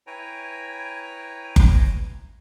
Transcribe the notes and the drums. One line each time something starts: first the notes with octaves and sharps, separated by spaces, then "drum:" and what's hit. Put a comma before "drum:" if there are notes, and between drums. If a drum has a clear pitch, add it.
E4 B4 C#5 G5 G#5 A#5
drum: kick F#1